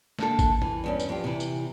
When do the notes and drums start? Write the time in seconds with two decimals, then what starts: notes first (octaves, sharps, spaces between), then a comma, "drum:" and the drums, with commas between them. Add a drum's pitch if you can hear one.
0.19 D3 A#3 A4, drum: snare
0.39 drum: kick A1, tambourine
0.62 E3, drum: tom E2
0.84 E2 G2 C#4
1.00 drum: tambourine
1.09 F2 G4
1.24 C3 E3
1.40 drum: tambourine